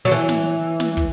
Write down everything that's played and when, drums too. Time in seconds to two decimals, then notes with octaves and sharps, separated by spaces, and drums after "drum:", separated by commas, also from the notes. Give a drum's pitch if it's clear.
0.05 F#3
0.11 E3
0.29 drum: snare
0.80 drum: snare
0.97 drum: kick